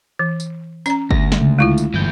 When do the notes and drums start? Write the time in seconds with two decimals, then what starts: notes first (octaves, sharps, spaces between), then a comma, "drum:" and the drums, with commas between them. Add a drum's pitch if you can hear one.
0.19 E3
0.40 drum: tambourine
0.86 C#4 A#5, drum: tambourine
1.11 D2 A#6, drum: kick G1
1.32 drum: snare
1.41 C#2
1.59 G#3 E4 F4
1.78 drum: tambourine
1.94 G1 D2 E3 G6